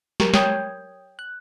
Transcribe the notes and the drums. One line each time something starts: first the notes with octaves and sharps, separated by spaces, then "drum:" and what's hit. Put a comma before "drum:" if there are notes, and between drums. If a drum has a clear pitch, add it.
F#3 G4 A#4, drum: snare
C#5 G5 D#6 G6 G#6, drum: snare
F#6